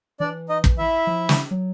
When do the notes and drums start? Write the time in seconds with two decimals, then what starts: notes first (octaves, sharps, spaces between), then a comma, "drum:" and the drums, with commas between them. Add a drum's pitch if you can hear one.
0.20 E3 D4 D5
0.49 D#4 D#5
0.64 drum: kick
0.78 E4 E5
1.07 F3
1.29 drum: snare
1.51 F#3